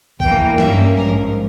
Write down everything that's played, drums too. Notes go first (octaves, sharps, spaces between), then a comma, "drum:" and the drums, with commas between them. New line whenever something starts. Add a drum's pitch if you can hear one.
E2 E3 A#3 G5, drum: kick B1
G2 G3 A#3 C#4 E5, drum: snare
A#1 G#2 F3 A#4